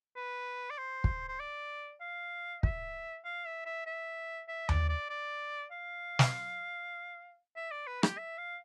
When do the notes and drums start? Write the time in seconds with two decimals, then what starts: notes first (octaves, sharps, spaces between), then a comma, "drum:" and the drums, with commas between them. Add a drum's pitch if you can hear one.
0.16 B4
0.71 D5
0.78 C5
1.04 drum: kick
1.29 C5
1.40 D5
2.01 F5
2.63 E5, drum: kick
3.25 F5
3.45 E5
3.66 E5
3.86 E5
4.48 E5
4.69 D5, drum: tom D#2
4.89 D5
5.09 D5
5.72 F5
6.19 drum: snare
7.56 E5
7.71 D5
7.87 B4
8.03 G4, drum: rim click
8.18 E5
8.38 F5